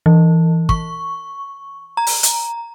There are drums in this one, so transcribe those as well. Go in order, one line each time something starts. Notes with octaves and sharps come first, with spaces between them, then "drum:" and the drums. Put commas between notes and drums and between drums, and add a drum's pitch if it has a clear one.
E3
C#6, drum: kick
A#5
drum: open hi-hat
drum: hi-hat